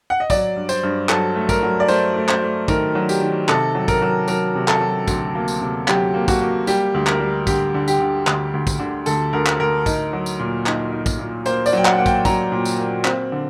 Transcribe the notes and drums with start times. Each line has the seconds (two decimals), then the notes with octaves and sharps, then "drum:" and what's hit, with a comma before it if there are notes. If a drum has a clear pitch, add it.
0.10 F#5
0.20 D#5
0.30 F#3 D5, drum: kick, tambourine
0.56 G2
0.69 C5, drum: tambourine
0.83 G2
1.09 F#3 A4, drum: clap
1.35 A3
1.49 A#4, drum: kick, tambourine
1.63 F#3
1.80 D5
1.88 A3 C5, drum: tambourine
2.16 A3
2.29 C5, drum: clap
2.42 A3
2.68 D#3 A#4, drum: kick, tambourine
2.95 F#3
3.09 G4, drum: tambourine
3.22 D#3
3.49 C3 A4, drum: clap
3.75 F#3
3.88 A#4, drum: kick, tambourine
4.02 F#3
4.28 F#3 A#4, drum: tambourine
4.55 C3
4.68 A4, drum: clap
4.81 F#3
5.08 D2, drum: kick, tambourine
5.35 A#3
5.48 drum: tambourine
5.61 C3
5.88 F#3 G4, drum: clap
6.14 A#3
6.28 F#4, drum: kick, tambourine
6.41 A#3
6.67 G3 G4, drum: tambourine
6.94 D2
7.07 A#4, drum: clap
7.20 G3
7.47 D3 G4, drum: kick, tambourine
7.74 D3
7.88 G4, drum: tambourine
8.00 D3
8.27 D2, drum: clap
8.54 D2
8.67 drum: kick, tambourine
8.79 D3
9.06 D2 A4, drum: tambourine
9.33 D2 A#4
9.46 drum: clap
9.60 D2 A#4
9.86 D#4, drum: kick, tambourine
10.13 F#3
10.26 drum: tambourine
10.39 A#2
10.66 D#4, drum: clap
10.92 D#4
11.06 drum: kick, tambourine
11.19 A#2
11.46 A#3 C5, drum: tambourine
11.66 D5, drum: tambourine
11.73 F#3 G5
11.85 F#5, drum: clap
11.98 A#3 F#5
12.06 G5, drum: kick, tambourine
12.25 F#3 A#5, drum: kick, tambourine
12.52 A#2
12.65 drum: tambourine
12.79 A#3
13.05 C4, drum: clap
13.32 D3